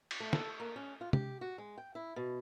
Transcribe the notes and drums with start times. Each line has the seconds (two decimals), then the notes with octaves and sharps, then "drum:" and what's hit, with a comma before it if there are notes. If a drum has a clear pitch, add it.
0.11 drum: cymbal
0.20 A3
0.33 A4, drum: snare
0.60 A#3
0.76 C#4
1.01 F4
1.13 G4, drum: tom
1.41 F#4
1.58 G#3
1.78 G5
1.95 E4
2.16 B2